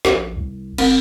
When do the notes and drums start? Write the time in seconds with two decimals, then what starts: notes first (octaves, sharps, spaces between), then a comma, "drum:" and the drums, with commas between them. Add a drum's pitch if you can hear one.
0.05 A#1, drum: snare
0.36 C2
0.78 F#1 C4, drum: cymbal